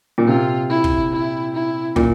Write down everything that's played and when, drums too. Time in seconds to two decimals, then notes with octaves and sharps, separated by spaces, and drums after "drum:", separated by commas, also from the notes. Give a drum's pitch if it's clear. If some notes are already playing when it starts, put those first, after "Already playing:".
0.18 A#2
0.28 C3 F4
0.69 E4
0.84 drum: kick
1.12 E4
1.55 E4
1.96 A#2, drum: kick